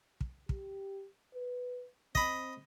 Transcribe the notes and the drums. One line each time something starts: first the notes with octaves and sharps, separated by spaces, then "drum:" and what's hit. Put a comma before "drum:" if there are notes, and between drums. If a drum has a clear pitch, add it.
drum: kick
G4, drum: kick
B4
C4 D#5 B5, drum: kick